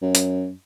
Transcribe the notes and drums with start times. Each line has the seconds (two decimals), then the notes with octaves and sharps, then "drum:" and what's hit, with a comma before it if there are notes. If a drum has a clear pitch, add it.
0.02 F#2
0.15 drum: hi-hat